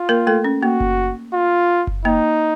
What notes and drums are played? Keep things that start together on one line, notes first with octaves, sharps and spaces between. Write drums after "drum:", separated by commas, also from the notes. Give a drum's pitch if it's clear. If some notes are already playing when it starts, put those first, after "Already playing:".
Already playing: F4
A#3 A#4
A3 A4
C#4
A#3 F#4
drum: kick F#1
F4
drum: kick F#1
A#3 D#4